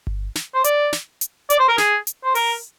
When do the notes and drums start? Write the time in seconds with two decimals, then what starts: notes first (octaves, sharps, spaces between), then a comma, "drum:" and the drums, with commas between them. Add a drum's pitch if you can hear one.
0.07 drum: kick G1
0.35 drum: snare
0.55 C5
0.64 D5, drum: hi-hat
0.93 drum: snare
1.21 drum: hi-hat
1.50 D5, drum: hi-hat
1.59 C5
1.68 A#4
1.78 G#4, drum: snare
2.07 drum: hi-hat
2.24 C5
2.35 A#4, drum: open hi-hat